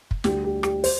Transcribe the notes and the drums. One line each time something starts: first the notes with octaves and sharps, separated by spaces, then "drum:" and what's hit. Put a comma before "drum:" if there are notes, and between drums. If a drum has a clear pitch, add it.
drum: kick
D2 D3 G3 G4, drum: snare
G4
G4, drum: rim click
C5, drum: open hi-hat